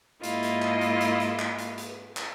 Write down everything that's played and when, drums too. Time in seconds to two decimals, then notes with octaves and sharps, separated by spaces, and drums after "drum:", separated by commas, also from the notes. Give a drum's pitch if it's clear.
0.24 G#2 A#3 E4 F4 D#5, drum: hi-hat
0.43 drum: hi-hat
0.62 drum: clap
0.81 drum: hi-hat
1.01 drum: hi-hat
1.20 drum: hi-hat
1.39 drum: clap
1.59 drum: hi-hat
1.78 drum: hi-hat
2.16 drum: clap